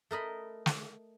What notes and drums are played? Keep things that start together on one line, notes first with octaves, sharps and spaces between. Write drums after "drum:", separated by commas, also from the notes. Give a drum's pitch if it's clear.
A3 A#4 D#5 B5
drum: snare